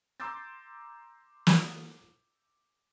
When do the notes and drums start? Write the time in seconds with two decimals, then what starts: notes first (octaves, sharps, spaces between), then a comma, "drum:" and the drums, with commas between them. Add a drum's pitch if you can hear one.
0.20 A#5 C6 D6 E6 G6 A6
1.47 drum: snare